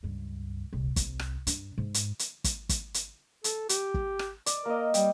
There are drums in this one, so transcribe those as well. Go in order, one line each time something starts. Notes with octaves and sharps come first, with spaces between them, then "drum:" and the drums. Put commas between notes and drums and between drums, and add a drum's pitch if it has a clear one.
C#2 G2
D#1 C2
C2 C3, drum: kick, hi-hat
drum: rim click
G2 D4, drum: hi-hat
G#2
drum: hi-hat
drum: hi-hat
drum: kick, hi-hat
drum: kick, hi-hat
drum: hi-hat
A4, drum: hi-hat
G4, drum: hi-hat
drum: kick
drum: rim click
D5, drum: hi-hat
A#3 A#4 D#5
G3 G5, drum: hi-hat